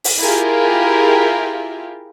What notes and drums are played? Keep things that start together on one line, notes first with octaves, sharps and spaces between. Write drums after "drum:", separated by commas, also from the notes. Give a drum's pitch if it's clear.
drum: open hi-hat
E4 F4 G4 G#4 A#4